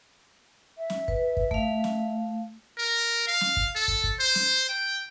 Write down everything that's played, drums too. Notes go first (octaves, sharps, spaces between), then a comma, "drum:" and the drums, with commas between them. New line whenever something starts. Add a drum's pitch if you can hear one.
E5
drum: snare
B4, drum: kick
drum: kick
A3 F5, drum: kick
drum: snare
A#4
F5
drum: snare
drum: kick
A4
drum: kick
drum: kick
C5
drum: snare
G5